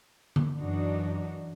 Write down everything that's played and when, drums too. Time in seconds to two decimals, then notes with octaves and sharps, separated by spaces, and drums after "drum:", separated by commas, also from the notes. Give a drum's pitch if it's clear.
0.36 drum: tom D3
0.57 F#2 E3 D4 D#4 F#4